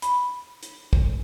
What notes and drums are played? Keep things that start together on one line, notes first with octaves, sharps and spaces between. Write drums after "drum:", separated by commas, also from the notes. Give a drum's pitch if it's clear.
B5, drum: hi-hat
drum: hi-hat
drum: kick